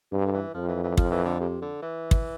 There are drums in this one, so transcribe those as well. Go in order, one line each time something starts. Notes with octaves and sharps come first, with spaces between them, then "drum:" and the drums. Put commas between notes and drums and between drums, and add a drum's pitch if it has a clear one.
G2 C3
D3
E3
F2 F3
E3
E3
F3, drum: kick
E3
D3
C3
D3
E3
drum: kick